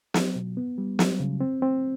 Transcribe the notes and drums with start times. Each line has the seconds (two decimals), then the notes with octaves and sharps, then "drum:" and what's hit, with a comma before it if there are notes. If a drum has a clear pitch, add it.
0.14 F#3, drum: snare
0.35 B2
0.57 B3
0.78 G3
0.99 F#3, drum: snare
1.20 C#3
1.41 C4
1.62 C4